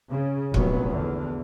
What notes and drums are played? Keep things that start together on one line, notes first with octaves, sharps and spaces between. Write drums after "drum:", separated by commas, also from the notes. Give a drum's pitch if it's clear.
C#3
F1 A#1 F#3 B3, drum: kick
E2 D3